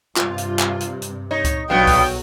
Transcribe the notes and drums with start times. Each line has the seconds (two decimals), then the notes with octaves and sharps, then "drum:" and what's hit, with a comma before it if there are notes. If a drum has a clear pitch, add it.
0.16 G2 C3 F4, drum: clap
0.38 drum: hi-hat
0.59 drum: clap
0.80 drum: hi-hat
1.02 drum: hi-hat
1.31 D#4 C#5
1.44 drum: kick C#2, hi-hat
1.70 B1 E2 G2 F#3 B3 F5 G5
1.87 drum: kick C#2, open hi-hat